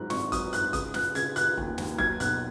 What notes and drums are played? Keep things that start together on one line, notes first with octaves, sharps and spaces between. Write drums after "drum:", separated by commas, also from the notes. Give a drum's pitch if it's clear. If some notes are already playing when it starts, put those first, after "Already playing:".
Already playing: G#2 F#3 F#6
G#1 C#6, drum: snare
F#3 D#6, drum: kick, hi-hat
G#2 F#6, drum: hi-hat
C#3 D#6, drum: kick, hi-hat
C#3 F#6, drum: snare
C#3 G#6, drum: hi-hat
C#3 F#6, drum: hi-hat
D#2, drum: kick
D#2, drum: snare
F#3 G#6, drum: kick
B1 F#6, drum: hi-hat